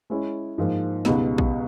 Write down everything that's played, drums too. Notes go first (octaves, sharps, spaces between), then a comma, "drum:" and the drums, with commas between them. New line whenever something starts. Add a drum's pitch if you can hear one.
G#3 C#4 E4
G#2 F3 A#3
C#2 B2 G3 B3 D#4, drum: snare
drum: kick A#1